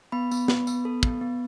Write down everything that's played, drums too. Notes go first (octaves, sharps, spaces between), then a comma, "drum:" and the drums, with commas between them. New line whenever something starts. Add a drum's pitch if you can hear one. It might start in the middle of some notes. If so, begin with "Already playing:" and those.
B3 B5
B3, drum: tambourine
B3, drum: snare
B3, drum: tambourine
A4
B3, drum: kick
B3